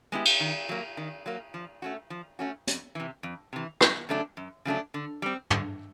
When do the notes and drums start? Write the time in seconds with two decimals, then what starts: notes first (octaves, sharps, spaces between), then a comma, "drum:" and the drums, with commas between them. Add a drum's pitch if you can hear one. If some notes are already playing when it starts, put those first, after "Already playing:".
0.12 G#3 B3 E4 G4
0.25 drum: cymbal
0.40 D#3
0.69 F#3 A#3
0.97 D#3
1.26 F#3 A#3
1.54 F3
1.82 A3 C#4 F#4
2.10 F3
2.39 A3 C#4 F#4
2.67 F2, drum: hi-hat
2.95 C3 E3
3.23 F2
3.53 C3 E3
3.81 F#2, drum: rim click
4.09 C#3 F#3 A3 D4
4.37 F#2
4.65 C#3 F#3 A3 D4
4.94 D3
5.22 G3 C4
5.50 D3, drum: tom